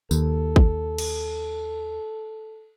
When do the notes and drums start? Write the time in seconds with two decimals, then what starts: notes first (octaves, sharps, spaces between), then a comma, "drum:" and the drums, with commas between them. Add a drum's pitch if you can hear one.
0.11 D#2 A4, drum: tambourine
0.56 drum: kick
0.98 drum: cymbal